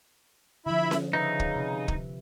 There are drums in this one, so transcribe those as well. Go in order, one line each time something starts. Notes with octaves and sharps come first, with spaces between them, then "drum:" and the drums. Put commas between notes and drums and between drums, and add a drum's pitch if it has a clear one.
D3 F3 E4 E5 B5
drum: snare C#4
C#3 D#4 B4 E5
drum: kick
C3
drum: kick